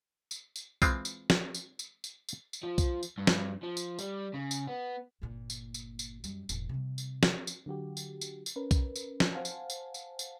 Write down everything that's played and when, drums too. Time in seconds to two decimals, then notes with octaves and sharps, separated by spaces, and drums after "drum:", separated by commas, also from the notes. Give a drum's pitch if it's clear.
0.31 drum: tambourine
0.56 drum: tambourine
0.82 E3 G#3 C4 F4, drum: kick B1, tambourine
1.05 drum: tambourine
1.30 drum: snare
1.54 drum: tambourine
1.79 drum: tambourine
2.04 drum: tambourine
2.29 drum: tambourine
2.53 drum: tambourine
2.63 F3
2.78 drum: kick B1, tambourine
3.03 drum: tambourine
3.18 G2
3.27 drum: snare
3.63 F3
3.77 drum: tambourine
3.99 G3, drum: tambourine
4.34 C#3
4.51 drum: tambourine
4.68 B3
5.22 G1 A#2
5.50 drum: tambourine
5.74 drum: tambourine
5.99 drum: tambourine
6.24 F#2 G3, drum: tambourine
6.49 E1 A2, drum: tambourine
6.69 C3 G3
6.98 drum: tambourine
7.23 drum: snare
7.47 drum: tambourine
7.66 D3 F#3 F#4 G4
7.97 drum: tambourine
8.21 drum: tambourine
8.46 drum: tambourine
8.56 C#4 A#4 B4
8.71 drum: kick B1, tambourine
8.96 drum: tambourine
9.20 drum: snare
9.33 C5 F5 F#5 G#5 A5
9.45 drum: tambourine
9.70 drum: tambourine
9.94 drum: tambourine
10.19 drum: tambourine